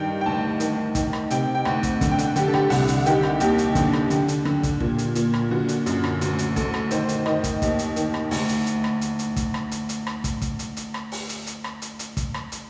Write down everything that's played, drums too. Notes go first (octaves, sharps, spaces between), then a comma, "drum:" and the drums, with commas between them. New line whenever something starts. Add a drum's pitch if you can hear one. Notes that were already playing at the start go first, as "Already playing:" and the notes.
Already playing: G2 D#3 G5
G5
D2 A5
D#3, drum: hi-hat
D#3, drum: kick, hi-hat
drum: rim click
C3 G5, drum: hi-hat
G5
D2 F#5, drum: rim click
drum: kick, hi-hat
D3, drum: kick, hi-hat
G5
F#5, drum: hi-hat
D3 G4, drum: hi-hat
A4
G4, drum: rim click
C2 F#5, drum: open hi-hat
drum: hi-hat
D#3 G4, drum: hi-hat
drum: rim click
D#2 G4, drum: hi-hat
drum: hi-hat
D3, drum: kick, hi-hat
drum: rim click
D3, drum: hi-hat
drum: hi-hat
D3, drum: rim click
drum: kick, hi-hat
A#2, drum: kick
drum: hi-hat
A#2, drum: hi-hat
drum: rim click
D3 F#4
drum: hi-hat
F#2, drum: hi-hat
drum: rim click
D2 F#4, drum: hi-hat
drum: hi-hat
D2 A4, drum: kick, hi-hat
drum: rim click
D#3 C5, drum: hi-hat
drum: hi-hat
D#3 D#5, drum: rim click
drum: kick, hi-hat
D#2, drum: kick, hi-hat
drum: hi-hat
D#3, drum: hi-hat
drum: rim click
D2, drum: open hi-hat
drum: hi-hat
drum: hi-hat
drum: rim click
drum: hi-hat
drum: hi-hat
drum: kick, hi-hat
drum: rim click
drum: hi-hat
drum: hi-hat
drum: rim click
drum: kick, hi-hat
drum: kick, hi-hat
drum: hi-hat
drum: hi-hat
drum: rim click
drum: open hi-hat
drum: hi-hat
drum: hi-hat
drum: rim click
drum: hi-hat
drum: hi-hat
drum: kick, hi-hat
drum: rim click
drum: hi-hat